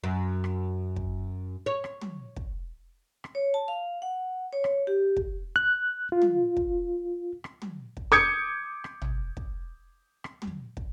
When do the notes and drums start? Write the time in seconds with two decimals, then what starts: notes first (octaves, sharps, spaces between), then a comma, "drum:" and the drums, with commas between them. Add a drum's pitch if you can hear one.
0.04 F#2
0.44 drum: rim click
0.96 drum: kick
1.66 C#5
1.84 drum: rim click
2.01 drum: tom
2.36 drum: kick
3.24 drum: rim click
3.35 C#5
3.54 A5
3.68 F5
4.02 F#5
4.53 C#5
4.64 drum: rim click
4.87 G4
5.16 drum: kick
5.56 F#6
6.12 F4
6.22 drum: tom
6.57 drum: kick
7.44 drum: rim click
7.62 drum: tom
7.97 drum: kick
8.12 D6 D#6 G6 G#6 C#7
8.84 drum: rim click
9.02 drum: tom
9.37 drum: kick
10.24 drum: rim click
10.42 drum: tom
10.77 drum: kick